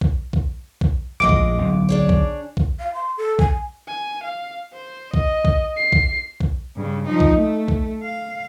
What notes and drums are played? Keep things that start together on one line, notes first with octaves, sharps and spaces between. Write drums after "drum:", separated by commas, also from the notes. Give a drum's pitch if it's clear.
drum: kick B1
drum: kick B1
drum: kick B1
A#1 A2 G#3 D#5 D6
drum: kick B1
D1 B1 B2
D4 G#4 C#5
drum: kick B1
drum: kick B1
F5
C6
A4
G#5, drum: kick B1
G#5
F5
C5
D#5, drum: kick B1
drum: kick B1
C7
drum: kick B1
drum: kick B1
G2 C#3
F3 D#4
drum: kick B1
A3
drum: kick B1
F5